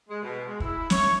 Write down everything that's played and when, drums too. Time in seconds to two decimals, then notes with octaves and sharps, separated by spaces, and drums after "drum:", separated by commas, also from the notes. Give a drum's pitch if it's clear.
0.09 G#3
0.23 B2
0.47 G#3
0.60 E4, drum: kick
0.90 C#5, drum: snare